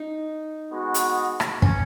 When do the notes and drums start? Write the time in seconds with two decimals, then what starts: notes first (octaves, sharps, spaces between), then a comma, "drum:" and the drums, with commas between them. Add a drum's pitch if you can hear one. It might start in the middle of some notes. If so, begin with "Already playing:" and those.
Already playing: D#4
0.72 G#3 B3 F#4
0.94 drum: hi-hat
1.40 drum: rim click
1.62 C#4, drum: kick